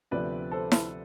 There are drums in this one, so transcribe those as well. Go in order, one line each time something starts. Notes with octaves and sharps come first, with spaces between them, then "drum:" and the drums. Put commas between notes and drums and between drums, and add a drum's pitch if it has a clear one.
D2 C3 F3 B3 B4 D5
A4 C5
drum: snare E4